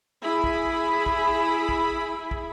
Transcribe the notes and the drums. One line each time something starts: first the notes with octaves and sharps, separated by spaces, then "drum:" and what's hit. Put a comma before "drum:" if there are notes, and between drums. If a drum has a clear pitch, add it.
E4 G#4 B5
drum: kick
drum: kick
drum: kick
drum: kick